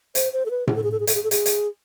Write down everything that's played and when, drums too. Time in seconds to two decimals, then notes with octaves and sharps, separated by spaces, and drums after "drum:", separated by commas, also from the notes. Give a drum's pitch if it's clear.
0.15 C5, drum: hi-hat
0.33 C5
0.45 A4
0.50 B4
0.67 G#4, drum: tom A2
0.75 A4
0.83 G#4
0.91 A4
1.00 G#4
1.07 A4, drum: hi-hat
1.15 G#4
1.23 A4
1.31 G#4, drum: hi-hat
1.46 drum: hi-hat